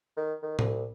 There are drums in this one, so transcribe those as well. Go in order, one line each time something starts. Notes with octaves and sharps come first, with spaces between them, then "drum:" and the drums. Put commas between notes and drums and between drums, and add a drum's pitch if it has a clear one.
D#3
D#3
C2, drum: tom A2